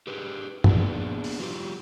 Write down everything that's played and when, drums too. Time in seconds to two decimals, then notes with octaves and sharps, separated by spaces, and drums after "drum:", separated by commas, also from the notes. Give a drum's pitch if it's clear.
0.07 G4 G#4 B4
0.64 A#3 B3 D4 G#4, drum: tom
1.24 drum: open hi-hat
1.39 F#3 F4 G4